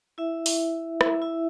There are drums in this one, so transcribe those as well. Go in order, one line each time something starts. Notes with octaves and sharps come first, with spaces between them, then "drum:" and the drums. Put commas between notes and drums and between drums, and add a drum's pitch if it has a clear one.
E4 E5
drum: open hi-hat
E4 E5, drum: rim click
E4 E5